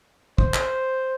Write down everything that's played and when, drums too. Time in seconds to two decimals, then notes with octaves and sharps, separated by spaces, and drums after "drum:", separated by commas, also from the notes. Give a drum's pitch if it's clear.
0.38 C5, drum: kick
0.54 drum: clap